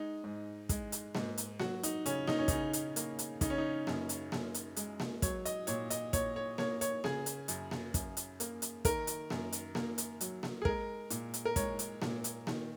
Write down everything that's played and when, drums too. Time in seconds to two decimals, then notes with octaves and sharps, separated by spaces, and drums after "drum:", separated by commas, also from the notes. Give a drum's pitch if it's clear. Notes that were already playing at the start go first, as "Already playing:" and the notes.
Already playing: G#3 D#4
0.24 G#2
0.69 G#3, drum: kick, hi-hat
0.92 drum: hi-hat
1.15 G#2, drum: snare A#3
1.38 drum: hi-hat
1.60 F#3 F#4, drum: snare A#3
1.83 D#4, drum: hi-hat
2.06 C#3 C#4, drum: hi-hat
2.28 D#4, drum: snare A#3
2.38 C#4
2.48 C#3 D#4, drum: kick, hi-hat
2.73 drum: hi-hat
2.96 A#3, drum: hi-hat
3.19 drum: hi-hat
3.41 C#3 D#4, drum: kick, hi-hat
3.50 C#4
3.58 D#4
3.87 F#2, drum: snare A#3
4.09 drum: hi-hat
4.32 F#2, drum: snare A#3
4.54 drum: hi-hat
4.76 G#3, drum: hi-hat
5.00 drum: snare A#3
5.22 F#3 C#5, drum: kick, hi-hat
5.45 D#5, drum: hi-hat
5.67 A#2 C#5, drum: hi-hat
5.90 D#5, drum: hi-hat
6.13 A#2 C#5, drum: kick, hi-hat
6.36 C#5
6.58 A#3 C#5, drum: snare A#3
6.81 C#5, drum: hi-hat
7.04 C#3 G#4, drum: snare A#3
7.26 drum: hi-hat
7.48 F#2, drum: hi-hat
7.71 drum: snare A#3
7.94 F#2, drum: kick, hi-hat
8.17 drum: hi-hat
8.40 A#3, drum: hi-hat
8.62 drum: hi-hat
8.85 D#3 A#4, drum: kick, hi-hat
9.07 drum: hi-hat
9.30 F#2, drum: snare A#3
9.52 drum: hi-hat
9.75 A#3, drum: snare A#3
9.98 drum: hi-hat
10.21 F#3, drum: hi-hat
10.43 drum: snare A#3
10.62 G#4
10.65 G#3 A#4, drum: kick
11.10 A#2, drum: hi-hat
11.34 drum: hi-hat
11.45 A#4
11.56 G#3 C#5, drum: kick, hi-hat
11.79 drum: hi-hat
12.02 A#2, drum: snare A#3
12.24 drum: hi-hat
12.47 D#3, drum: snare A#3